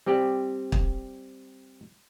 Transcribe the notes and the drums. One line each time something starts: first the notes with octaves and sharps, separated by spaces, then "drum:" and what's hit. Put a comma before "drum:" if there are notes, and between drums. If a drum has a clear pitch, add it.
G3 C4 G4 D5
drum: kick